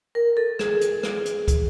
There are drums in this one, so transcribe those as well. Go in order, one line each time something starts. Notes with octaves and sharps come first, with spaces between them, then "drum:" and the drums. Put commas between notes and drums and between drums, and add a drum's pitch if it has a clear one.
A#4
A4
G#4, drum: rim click
drum: hi-hat
drum: rim click
drum: hi-hat
drum: kick, hi-hat